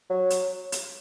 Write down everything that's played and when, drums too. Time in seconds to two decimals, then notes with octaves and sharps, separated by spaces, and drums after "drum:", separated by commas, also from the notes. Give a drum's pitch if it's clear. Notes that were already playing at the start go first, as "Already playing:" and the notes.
0.10 F#3
0.30 drum: hi-hat
0.72 drum: hi-hat